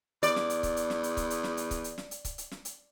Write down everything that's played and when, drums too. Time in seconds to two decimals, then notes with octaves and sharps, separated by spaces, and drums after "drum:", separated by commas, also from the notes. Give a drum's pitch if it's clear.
0.23 E2 D5, drum: hi-hat
0.36 drum: snare
0.50 drum: hi-hat
0.63 drum: kick C#1, hi-hat
0.77 drum: hi-hat
0.90 drum: snare
1.03 drum: hi-hat
1.17 drum: kick C#1, hi-hat
1.30 drum: hi-hat
1.44 drum: snare
1.57 drum: hi-hat
1.71 drum: kick C#1, hi-hat
1.84 drum: hi-hat
1.98 drum: snare
2.11 drum: hi-hat
2.25 drum: kick C#1, hi-hat
2.38 drum: hi-hat
2.51 drum: snare
2.65 drum: hi-hat